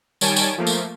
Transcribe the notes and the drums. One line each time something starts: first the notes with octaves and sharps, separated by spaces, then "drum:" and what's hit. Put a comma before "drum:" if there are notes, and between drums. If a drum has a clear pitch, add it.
D#3 G3 C#5 G#5 A5 D7, drum: tambourine
drum: tambourine
F3 A3 A#3
drum: tambourine